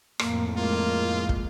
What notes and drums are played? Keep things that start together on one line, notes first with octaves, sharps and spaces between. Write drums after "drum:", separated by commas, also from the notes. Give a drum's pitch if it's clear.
F2 A2 A#3, drum: rim click
G#3 A#3 F4
drum: kick